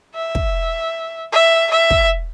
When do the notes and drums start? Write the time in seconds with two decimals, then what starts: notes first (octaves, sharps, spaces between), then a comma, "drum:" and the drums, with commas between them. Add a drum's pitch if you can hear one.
0.15 E5
0.35 drum: kick
1.32 E5
1.71 E5
1.90 drum: kick